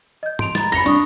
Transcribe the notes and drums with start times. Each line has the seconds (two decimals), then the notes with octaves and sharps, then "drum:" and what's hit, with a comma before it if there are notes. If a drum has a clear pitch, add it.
0.23 D#5 G6
0.39 C6 D7 F7, drum: tom
0.55 A#5 B5 A6, drum: snare
0.72 B5 A#6 C#7 F7 G7, drum: cymbal
0.86 D4 C#6 D#6, drum: cymbal